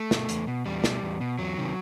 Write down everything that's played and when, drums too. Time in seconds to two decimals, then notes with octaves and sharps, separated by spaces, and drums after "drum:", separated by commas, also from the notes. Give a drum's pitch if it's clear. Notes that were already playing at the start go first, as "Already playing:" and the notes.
Already playing: A3
0.11 B2, drum: snare
0.29 E2, drum: hi-hat
0.47 B2
0.66 E2 G3
0.84 B2, drum: snare
1.03 E2
1.21 B2
1.39 E2 F#3
1.57 C3 D#3